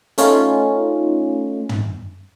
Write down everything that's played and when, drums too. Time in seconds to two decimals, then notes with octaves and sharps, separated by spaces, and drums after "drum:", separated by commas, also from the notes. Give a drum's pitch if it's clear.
0.18 A3 C#4 D#4 F4, drum: hi-hat
1.69 drum: tom